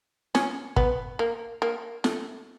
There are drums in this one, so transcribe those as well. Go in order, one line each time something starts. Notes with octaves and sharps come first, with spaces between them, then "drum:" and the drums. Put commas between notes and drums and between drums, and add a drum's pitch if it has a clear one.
C#4, drum: snare
B3, drum: kick
A#3
A#3
A3, drum: snare